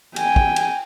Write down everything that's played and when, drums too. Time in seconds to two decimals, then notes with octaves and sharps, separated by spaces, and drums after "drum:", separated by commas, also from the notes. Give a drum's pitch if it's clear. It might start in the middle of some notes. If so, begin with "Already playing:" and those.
0.16 G5 G#5, drum: cymbal
0.36 drum: kick
0.56 drum: cymbal